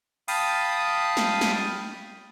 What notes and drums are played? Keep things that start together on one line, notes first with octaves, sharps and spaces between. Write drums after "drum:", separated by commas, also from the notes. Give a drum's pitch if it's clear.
F5 G5 A5 B5 D#6, drum: cymbal
drum: snare
drum: snare